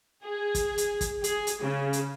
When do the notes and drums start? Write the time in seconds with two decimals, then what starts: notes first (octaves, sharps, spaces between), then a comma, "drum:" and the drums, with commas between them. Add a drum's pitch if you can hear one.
0.23 G#4
0.55 drum: kick, hi-hat
0.78 drum: hi-hat
1.01 drum: kick, hi-hat
1.24 G#4, drum: hi-hat
1.47 drum: hi-hat
1.62 C#3
1.93 drum: hi-hat